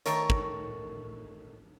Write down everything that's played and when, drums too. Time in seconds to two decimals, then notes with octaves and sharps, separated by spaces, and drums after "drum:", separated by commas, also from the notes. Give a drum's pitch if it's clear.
0.06 D#3 A3 A#4 C#5, drum: hi-hat
0.30 drum: kick